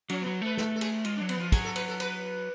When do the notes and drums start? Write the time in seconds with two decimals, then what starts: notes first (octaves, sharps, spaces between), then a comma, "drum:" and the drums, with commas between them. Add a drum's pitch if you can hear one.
0.09 F#3 C#4, drum: cymbal
0.22 B3
0.26 F#3
0.42 A3 B4
0.57 A4, drum: snare
0.76 A4
0.81 G#4, drum: cymbal
1.05 G#3 F4, drum: cymbal
1.17 D4
1.21 F#3
1.29 B3, drum: cymbal
1.37 F3 F4
1.52 F#3 G#4, drum: kick, cymbal
1.65 A4
1.76 B4, drum: cymbal
1.88 A4
2.00 B4, drum: cymbal